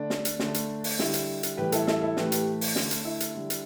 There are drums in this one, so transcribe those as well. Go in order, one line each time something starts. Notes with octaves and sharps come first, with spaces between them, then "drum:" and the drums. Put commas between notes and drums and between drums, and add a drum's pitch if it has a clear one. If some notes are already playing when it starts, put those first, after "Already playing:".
Already playing: D3 A3 D4
drum: snare
drum: hi-hat
D3 A3, drum: snare
drum: hi-hat
drum: open hi-hat
D3 G3 E4, drum: snare
drum: hi-hat
drum: hi-hat
A2 E3 G3 G4 B4
E4 A4, drum: hi-hat
E4 A4, drum: snare
E4 A4
A2 E3 A3 G4 B4, drum: snare
G4 B4, drum: hi-hat
drum: open hi-hat
D3 A3, drum: snare
drum: hi-hat
E4
drum: hi-hat
D3 G3
drum: hi-hat